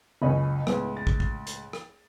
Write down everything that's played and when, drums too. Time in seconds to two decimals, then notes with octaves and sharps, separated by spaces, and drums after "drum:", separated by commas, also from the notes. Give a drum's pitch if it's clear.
0.22 F#1 C#2 C#4 D#5 B5
0.67 C#2 A2 B3, drum: rim click
0.97 A6
1.07 drum: kick
1.20 drum: kick
1.47 drum: hi-hat
1.73 drum: rim click